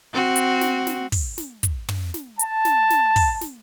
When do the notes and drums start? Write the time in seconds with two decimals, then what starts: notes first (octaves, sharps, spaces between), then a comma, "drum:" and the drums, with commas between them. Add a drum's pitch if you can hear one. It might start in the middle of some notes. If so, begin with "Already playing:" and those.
0.13 C4 F#4
0.36 drum: hi-hat
0.61 drum: snare
0.87 drum: snare
1.12 drum: kick, open hi-hat
1.38 drum: snare
1.63 drum: kick, hi-hat
1.89 drum: tom
2.14 drum: snare
2.39 A5, drum: hi-hat
2.65 drum: snare
2.90 drum: snare
3.16 drum: kick, open hi-hat
3.41 drum: snare